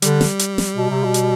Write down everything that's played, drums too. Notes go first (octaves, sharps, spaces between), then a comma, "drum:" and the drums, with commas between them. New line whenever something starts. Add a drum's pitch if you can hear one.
D3 G3, drum: hi-hat
drum: snare
drum: hi-hat
drum: snare
B2
C3
B2
drum: hi-hat